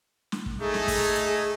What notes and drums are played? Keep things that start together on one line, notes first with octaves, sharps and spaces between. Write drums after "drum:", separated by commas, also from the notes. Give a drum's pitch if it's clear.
drum: snare
drum: kick
A3 D#4 G#4
drum: snare
drum: kick, open hi-hat
drum: hi-hat